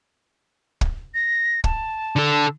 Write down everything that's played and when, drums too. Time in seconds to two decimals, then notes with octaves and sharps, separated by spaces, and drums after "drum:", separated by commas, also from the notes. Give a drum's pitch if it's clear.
0.81 drum: kick
1.14 A#6
1.64 A5, drum: kick
2.16 D3 A4